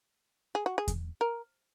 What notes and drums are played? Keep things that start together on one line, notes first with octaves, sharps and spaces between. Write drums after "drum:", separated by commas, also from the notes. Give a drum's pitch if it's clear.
G#4
F#4
G#4
drum: kick E2, hi-hat
A#4